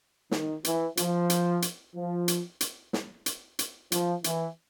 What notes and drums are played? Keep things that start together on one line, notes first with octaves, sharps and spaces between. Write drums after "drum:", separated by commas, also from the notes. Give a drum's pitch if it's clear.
D#3, drum: snare
E3, drum: hi-hat
F3, drum: hi-hat
drum: hi-hat
drum: hi-hat
F3
drum: hi-hat
drum: hi-hat
drum: snare
drum: hi-hat
drum: hi-hat
F3, drum: hi-hat
E3, drum: hi-hat